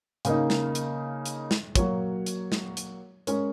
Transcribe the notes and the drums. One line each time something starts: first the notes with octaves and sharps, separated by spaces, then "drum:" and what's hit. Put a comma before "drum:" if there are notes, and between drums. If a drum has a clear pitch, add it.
C#3 A#3 D#4, drum: hi-hat
drum: snare
drum: hi-hat
drum: hi-hat
drum: snare
F#3 A#3 F#4 C#5, drum: kick, hi-hat
drum: hi-hat
drum: snare
drum: hi-hat
G#3 C#4 A#4 C#5, drum: hi-hat